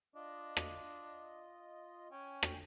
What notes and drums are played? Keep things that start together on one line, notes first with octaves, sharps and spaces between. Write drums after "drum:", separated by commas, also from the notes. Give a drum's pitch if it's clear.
D4 F4 D#5
drum: rim click
C#4 G5 G#5
drum: rim click